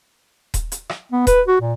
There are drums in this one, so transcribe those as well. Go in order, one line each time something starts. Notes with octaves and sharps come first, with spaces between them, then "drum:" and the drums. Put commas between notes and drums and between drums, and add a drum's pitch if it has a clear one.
drum: kick D#1, hi-hat
drum: hi-hat
drum: rim click
B3
B4, drum: kick D#1, hi-hat
F#4
A#2